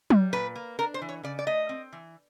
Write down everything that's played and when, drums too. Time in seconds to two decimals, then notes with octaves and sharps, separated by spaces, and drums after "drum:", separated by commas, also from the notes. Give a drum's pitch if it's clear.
0.10 G3, drum: tom F#3
0.33 A#2 B4
0.56 A#3
0.79 D4 A#4
0.94 C5
1.02 E3
1.09 C#5
1.23 C#3 D5
1.39 D5
1.47 A3 D#5
1.69 C4
1.93 E3